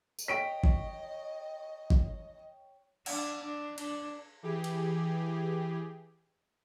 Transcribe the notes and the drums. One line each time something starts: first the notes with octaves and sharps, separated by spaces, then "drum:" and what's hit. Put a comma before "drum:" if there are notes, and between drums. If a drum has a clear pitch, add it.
drum: tambourine
C#5 D#5 G5 B6 D7
drum: kick
drum: kick
D4, drum: cymbal
D4
D4, drum: cymbal
E3 G4 G#4
drum: cymbal